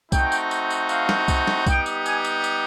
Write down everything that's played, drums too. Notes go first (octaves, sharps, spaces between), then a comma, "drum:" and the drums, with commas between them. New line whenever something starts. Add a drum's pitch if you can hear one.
A3 C4 D#4 F#4 G5, drum: kick C2, tambourine
drum: tambourine
drum: tambourine
drum: tambourine
F5, drum: tambourine
drum: snare
drum: kick C2, tambourine
drum: snare
G3 B3 D#4 G4 G5, drum: kick C2, tambourine
drum: tambourine
G#5, drum: tambourine
drum: tambourine
drum: tambourine